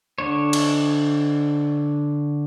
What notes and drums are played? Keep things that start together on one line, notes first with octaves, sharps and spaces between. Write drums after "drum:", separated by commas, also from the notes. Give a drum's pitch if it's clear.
D3 D4 C#5
drum: cymbal